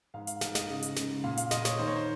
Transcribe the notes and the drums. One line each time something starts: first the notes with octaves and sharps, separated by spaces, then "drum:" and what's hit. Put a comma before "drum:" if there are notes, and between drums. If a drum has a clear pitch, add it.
G#2 F5
F5, drum: hi-hat
G#2 F5, drum: snare
D#5, drum: snare
C#3
drum: hi-hat
C#3, drum: snare
A#2 F5
F5, drum: hi-hat
A#2 D#5, drum: snare
C#5, drum: snare
D#3 C5
C#5
C5